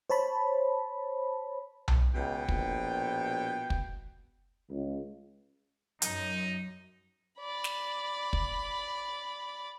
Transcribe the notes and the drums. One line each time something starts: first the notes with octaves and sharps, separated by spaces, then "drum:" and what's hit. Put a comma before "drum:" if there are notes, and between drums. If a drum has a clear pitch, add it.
C5 C#5 A5 B5
drum: tom B1
C#2 B2 G5
A#1, drum: kick
drum: kick
C#2
F#2 D#4, drum: hi-hat
D5 B5
drum: snare
drum: kick